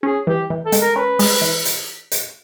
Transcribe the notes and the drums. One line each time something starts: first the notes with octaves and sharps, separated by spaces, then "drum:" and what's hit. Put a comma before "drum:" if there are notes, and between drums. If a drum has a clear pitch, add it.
C#4 G#4
E3 G4
E3
A4
G#3, drum: hi-hat
A#4
C#4 B4
G#3, drum: open hi-hat
E3
drum: hi-hat
drum: hi-hat